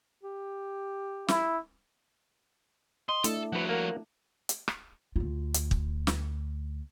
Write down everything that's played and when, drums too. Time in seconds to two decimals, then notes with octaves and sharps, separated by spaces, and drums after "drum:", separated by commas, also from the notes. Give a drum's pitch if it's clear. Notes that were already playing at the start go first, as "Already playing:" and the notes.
0.24 G4
1.28 E4, drum: snare
3.09 D#5 C6
3.24 A3 D4 E4 A4, drum: hi-hat
3.52 F3 F#4 B4 F#5
3.69 A#3 A#4 F#5
4.49 drum: hi-hat
4.68 drum: rim click
5.16 D2 F4
5.54 drum: hi-hat
5.71 drum: kick
6.07 drum: snare